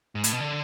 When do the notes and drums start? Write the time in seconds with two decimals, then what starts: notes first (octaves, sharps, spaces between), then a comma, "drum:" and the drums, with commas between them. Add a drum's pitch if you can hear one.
0.15 G#2
0.24 A2, drum: hi-hat
0.32 B2
0.40 D3